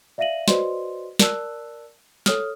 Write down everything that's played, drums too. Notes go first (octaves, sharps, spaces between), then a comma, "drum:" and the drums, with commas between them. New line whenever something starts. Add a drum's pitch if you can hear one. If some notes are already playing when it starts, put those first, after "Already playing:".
D5 E5 F5 A#6 D#7 F#7
F#4 B4 C5 D5 D#5 C6, drum: snare
A#4 D5 A5 E6 F#6, drum: snare
A4 C#5 D#6 F6, drum: snare